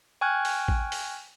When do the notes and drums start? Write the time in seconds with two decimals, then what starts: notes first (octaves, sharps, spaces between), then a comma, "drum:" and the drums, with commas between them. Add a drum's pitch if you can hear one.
0.21 G5 G#5 C#6 F6 F#6 G#6
0.45 drum: open hi-hat
0.68 drum: kick
0.92 drum: open hi-hat